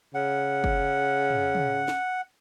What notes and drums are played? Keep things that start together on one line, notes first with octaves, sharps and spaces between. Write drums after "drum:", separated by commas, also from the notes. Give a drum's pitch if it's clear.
C#3 F#5
drum: kick
drum: tom
drum: tom
drum: snare